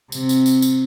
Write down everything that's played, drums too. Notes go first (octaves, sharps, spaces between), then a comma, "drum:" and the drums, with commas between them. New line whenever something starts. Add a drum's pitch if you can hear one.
C3, drum: tambourine
drum: tambourine
drum: tambourine
drum: tambourine